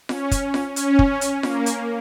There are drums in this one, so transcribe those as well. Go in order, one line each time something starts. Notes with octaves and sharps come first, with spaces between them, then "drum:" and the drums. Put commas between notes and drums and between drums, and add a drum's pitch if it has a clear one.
C#4, drum: snare F4
drum: kick, hi-hat
drum: snare F4
C#4, drum: hi-hat
drum: kick
drum: hi-hat
A#3, drum: snare F4
drum: hi-hat